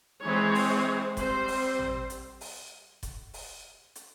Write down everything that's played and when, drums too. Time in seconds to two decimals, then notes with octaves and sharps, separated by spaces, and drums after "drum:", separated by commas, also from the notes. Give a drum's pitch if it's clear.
0.24 E3 G#3 C4 C#5
0.55 drum: open hi-hat
1.17 G3 C4 C5, drum: kick E1, hi-hat
1.48 drum: open hi-hat
1.79 drum: tom
2.10 drum: hi-hat
2.41 drum: open hi-hat
3.03 drum: kick E1, hi-hat
3.34 drum: open hi-hat
3.95 drum: hi-hat